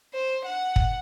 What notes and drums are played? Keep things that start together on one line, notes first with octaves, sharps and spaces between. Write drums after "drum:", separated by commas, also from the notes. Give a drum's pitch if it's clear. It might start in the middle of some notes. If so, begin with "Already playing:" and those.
C5
F#5
drum: kick